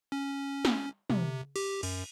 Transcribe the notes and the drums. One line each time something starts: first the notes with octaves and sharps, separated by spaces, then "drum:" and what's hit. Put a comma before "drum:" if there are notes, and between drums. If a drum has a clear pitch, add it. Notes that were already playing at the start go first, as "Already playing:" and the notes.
C#4
drum: snare
C3, drum: tom
G4, drum: cymbal
F#2, drum: cymbal